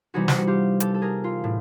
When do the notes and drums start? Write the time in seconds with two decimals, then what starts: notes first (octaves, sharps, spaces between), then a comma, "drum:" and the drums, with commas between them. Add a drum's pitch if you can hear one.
0.14 C3 E3 G3 B3 D#4 F#4 G#4
0.28 drum: snare
0.37 F#4
0.47 F4 G4
0.80 G4 A4, drum: hi-hat
0.94 A4
1.02 G#4 A#4
1.24 F4
1.44 A2